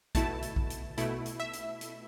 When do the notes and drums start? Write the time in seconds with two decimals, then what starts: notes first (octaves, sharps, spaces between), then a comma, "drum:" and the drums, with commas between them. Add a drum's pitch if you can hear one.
0.15 B2 A3 E4 A5, drum: kick A#1, hi-hat
0.42 drum: hi-hat
0.56 drum: kick A#1
0.70 drum: hi-hat
0.98 B2 A3 E4, drum: hi-hat
1.26 drum: hi-hat
1.40 E5
1.53 drum: hi-hat
1.81 drum: hi-hat